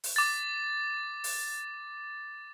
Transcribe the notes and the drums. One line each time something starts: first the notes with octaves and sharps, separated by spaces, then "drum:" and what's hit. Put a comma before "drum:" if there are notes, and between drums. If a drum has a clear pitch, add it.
drum: open hi-hat
D6 A6
drum: open hi-hat